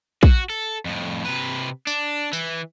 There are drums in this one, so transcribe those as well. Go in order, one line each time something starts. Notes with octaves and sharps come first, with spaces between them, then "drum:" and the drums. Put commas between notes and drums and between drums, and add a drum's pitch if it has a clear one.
F#4, drum: kick
A4
F2 A2
C3 B4
D4, drum: tambourine
E3, drum: tambourine